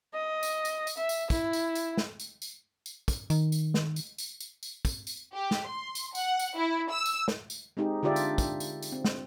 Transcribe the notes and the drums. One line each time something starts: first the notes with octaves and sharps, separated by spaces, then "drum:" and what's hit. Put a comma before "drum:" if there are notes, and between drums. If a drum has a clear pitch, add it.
D#5
drum: tambourine
drum: tambourine
drum: tambourine
E5
drum: tambourine
E4, drum: kick, tambourine
drum: tambourine
drum: tambourine
drum: snare
drum: tambourine
drum: tambourine
drum: tambourine
drum: kick, tambourine
D#3, drum: tambourine
drum: tambourine
drum: snare
drum: tambourine
drum: tambourine
drum: tambourine
drum: tambourine
drum: kick, tambourine
drum: tambourine
G4
drum: snare
C6
drum: tambourine
F#5, drum: tambourine
drum: tambourine
E4
E6
drum: tambourine
drum: snare
drum: tambourine
G#3 C4 D#4 G4 G#4
D3 D4 F4 G4 D5 E5
drum: tambourine
drum: kick, tambourine
drum: tambourine
drum: tambourine
C4
drum: snare